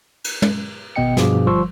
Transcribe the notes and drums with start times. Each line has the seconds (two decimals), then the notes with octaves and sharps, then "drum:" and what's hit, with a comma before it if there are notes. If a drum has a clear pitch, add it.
0.24 drum: cymbal
0.42 drum: tom
0.96 G#1 B2 B3 D#5 G5 C#7
1.17 G2 B2 F3 G#4 F5 D6, drum: snare
1.47 G1 F3 G3 C6 C#6 E6